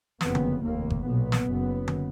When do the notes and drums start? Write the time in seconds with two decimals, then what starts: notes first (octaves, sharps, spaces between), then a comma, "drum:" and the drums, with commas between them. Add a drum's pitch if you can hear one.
0.21 F#1 F2 B3, drum: snare
0.35 drum: tom D3
0.62 F1 D#2 A#3
0.90 drum: kick G1
1.04 B1 A#2 B3
1.32 drum: snare
1.46 F#1 F#2
1.88 drum: tom D3